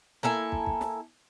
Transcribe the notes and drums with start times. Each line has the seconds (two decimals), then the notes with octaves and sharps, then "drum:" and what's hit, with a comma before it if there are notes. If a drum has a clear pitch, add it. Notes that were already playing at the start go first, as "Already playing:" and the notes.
0.23 A#3 E4 A4 G#5
0.52 drum: kick
0.66 drum: kick
0.81 drum: snare